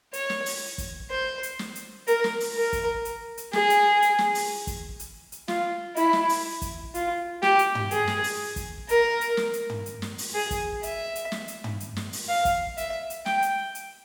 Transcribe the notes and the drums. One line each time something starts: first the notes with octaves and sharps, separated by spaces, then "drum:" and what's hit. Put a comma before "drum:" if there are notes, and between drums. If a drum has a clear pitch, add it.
C#5, drum: hi-hat
drum: snare
drum: open hi-hat
drum: kick, hi-hat
C5
drum: hi-hat
drum: snare
drum: hi-hat
A#4, drum: hi-hat
drum: snare
drum: open hi-hat
A#4
drum: kick, hi-hat
drum: hi-hat
drum: hi-hat
G#4, drum: snare
drum: hi-hat
drum: hi-hat
drum: snare
drum: open hi-hat
drum: kick, hi-hat
drum: hi-hat
drum: hi-hat
F4, drum: snare
E4, drum: hi-hat
drum: snare
drum: open hi-hat
drum: kick, hi-hat
F4, drum: hi-hat
G4, drum: snare
drum: hi-hat
drum: tom
G#4, drum: hi-hat
drum: snare
drum: open hi-hat
drum: kick, hi-hat
A#4, drum: hi-hat
drum: hi-hat
drum: snare
drum: hi-hat
drum: tom
drum: hi-hat
drum: snare
drum: open hi-hat
G#4
drum: kick, hi-hat
E5, drum: hi-hat
drum: hi-hat
drum: snare
drum: hi-hat
drum: tom
drum: hi-hat
drum: snare
drum: open hi-hat
F5
drum: kick, hi-hat
E5, drum: hi-hat
drum: hi-hat
G5, drum: snare
drum: hi-hat
drum: hi-hat